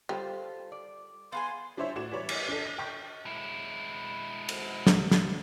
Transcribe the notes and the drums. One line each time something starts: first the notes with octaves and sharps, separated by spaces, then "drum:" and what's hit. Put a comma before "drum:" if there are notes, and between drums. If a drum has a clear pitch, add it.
G3 F4 A4 C5
D5
B3 F4 G#4 G#5 C6
G3 D4 E4 C5 C#5 E5
A2 F#4 D5 G#6 E7
E3 G3 C#5 D5
drum: cymbal
D4 A4
A#6
G5 C#6 G6
G#3 E4
drum: cymbal
drum: snare
drum: snare